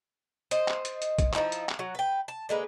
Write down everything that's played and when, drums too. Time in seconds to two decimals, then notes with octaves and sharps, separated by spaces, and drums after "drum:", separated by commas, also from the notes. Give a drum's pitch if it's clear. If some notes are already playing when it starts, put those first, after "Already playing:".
0.51 C5 D#5, drum: hi-hat
0.68 drum: clap
0.85 drum: hi-hat
1.02 drum: hi-hat
1.19 drum: kick, hi-hat
1.34 F3 D#4 E4, drum: clap
1.52 drum: hi-hat
1.69 drum: clap
1.79 F#3 F#4
1.95 B4 G5
2.28 A5
2.49 D3 G#3 A#3 B4